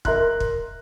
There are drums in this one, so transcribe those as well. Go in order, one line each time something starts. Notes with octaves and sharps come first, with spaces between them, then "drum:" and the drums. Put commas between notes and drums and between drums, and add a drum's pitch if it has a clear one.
A#4 D#5 E5 A#5 C6 F#6, drum: kick
drum: kick